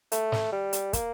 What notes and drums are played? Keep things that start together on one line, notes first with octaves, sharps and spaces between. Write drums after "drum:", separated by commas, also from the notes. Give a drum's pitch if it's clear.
A3, drum: hi-hat
drum: snare
G3
drum: hi-hat
A#3, drum: kick, hi-hat